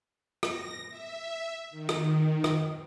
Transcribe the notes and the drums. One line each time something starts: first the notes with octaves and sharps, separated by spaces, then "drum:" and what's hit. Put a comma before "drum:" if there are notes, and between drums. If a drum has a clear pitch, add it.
A#6, drum: rim click
E5
D#3
drum: rim click
drum: rim click